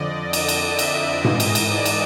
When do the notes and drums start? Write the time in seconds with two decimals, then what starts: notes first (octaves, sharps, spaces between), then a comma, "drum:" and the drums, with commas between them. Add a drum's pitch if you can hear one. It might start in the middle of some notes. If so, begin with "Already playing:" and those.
Already playing: F2 D3 D5 D#5
0.33 drum: cymbal
0.48 drum: cymbal
0.79 E5, drum: cymbal
1.25 G#2 E3 D#5, drum: tom G#2
1.40 drum: cymbal
1.55 drum: cymbal
1.70 D5
1.85 drum: cymbal